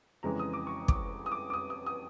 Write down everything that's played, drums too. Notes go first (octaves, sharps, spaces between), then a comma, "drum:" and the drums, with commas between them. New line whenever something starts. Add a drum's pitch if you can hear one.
F2 C#3 E3 G#3 A#5
D#6
D6
C#6
D6, drum: kick
D#6
D6
D6
D#6
D#6
D#6